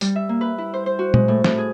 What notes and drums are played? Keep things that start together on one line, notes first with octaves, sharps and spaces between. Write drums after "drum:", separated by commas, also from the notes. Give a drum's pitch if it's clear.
G3, drum: tambourine
E5
A#3
B4
E4
C5
C5
F#4
G#3, drum: tom A#2
A2
A2, drum: snare
G#4